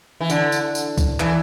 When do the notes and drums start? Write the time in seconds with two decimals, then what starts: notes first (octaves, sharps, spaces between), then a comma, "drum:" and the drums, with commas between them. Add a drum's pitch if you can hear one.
0.21 E3
0.30 D3 E4 A4 D5 A5, drum: tambourine
0.52 drum: tambourine
0.75 drum: tambourine
0.98 drum: kick C2, tambourine
1.20 E3 E4 A4 D5 A5, drum: clap